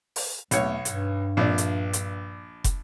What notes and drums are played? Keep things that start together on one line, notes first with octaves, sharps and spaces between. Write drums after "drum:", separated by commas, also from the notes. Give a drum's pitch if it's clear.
drum: open hi-hat
B1 E2 A3 C#5, drum: hi-hat
G2, drum: hi-hat
A#1 D4
drum: hi-hat
drum: hi-hat
drum: kick, hi-hat